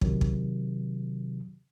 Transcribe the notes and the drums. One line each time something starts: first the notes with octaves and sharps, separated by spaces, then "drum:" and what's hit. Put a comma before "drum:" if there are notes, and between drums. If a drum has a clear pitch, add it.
C3 D#3 F#3, drum: kick
drum: kick